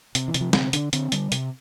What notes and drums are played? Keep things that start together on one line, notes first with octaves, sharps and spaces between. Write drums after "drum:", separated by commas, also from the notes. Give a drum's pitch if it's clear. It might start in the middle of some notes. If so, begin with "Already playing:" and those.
C3, drum: hi-hat
E3
C3, drum: hi-hat
F3
D3 C4, drum: snare
D3 D4, drum: hi-hat
D3 C4, drum: hi-hat
D3 G3, drum: hi-hat
C3, drum: hi-hat